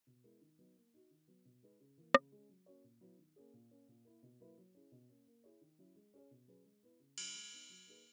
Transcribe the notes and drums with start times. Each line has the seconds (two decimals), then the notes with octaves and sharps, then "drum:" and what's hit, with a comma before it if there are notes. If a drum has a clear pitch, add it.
0.07 B2
0.24 G#3 B3 E4 A#4
0.41 D#3
0.59 F#3 B3 D#4
0.76 A#3
0.94 D#4 F#4
1.11 D#3
1.28 F#3 B3
1.45 B2
1.63 G#3 D#4 G#4 B4
1.80 C#3
1.98 E3 A#3
2.14 C#3, drum: rim click
2.32 G#3 C#4
2.49 F#3
2.66 A#3 C#4 F#4 C#5
2.84 A#2
3.01 F#3 B3 E4
3.18 D#3
3.36 A#3 C#4 G#4
3.53 A#2
3.71 A#3 C#4
3.88 A#2
4.05 A#3 E4 A#4
4.23 B2
4.40 F#3 A#3 E4 B4
4.58 F#3
4.75 C#4 E4 G#4
4.92 B2
5.09 A#3 C#4
5.27 A#3
5.44 E4 G#4 C#5
5.61 D#3
5.79 F#3 C#4 E4
5.96 G#3
6.14 C#4 G#4 C#5
6.31 B2
6.48 F#3 C#4 G#4 B4
6.65 G#3
6.83 B3 E4 B4
7.00 C#3
7.18 F#3 C#4, drum: cymbal
7.35 G#3
7.52 B3 D#4
7.70 F#3
7.86 A#3 D#4 G#4 B4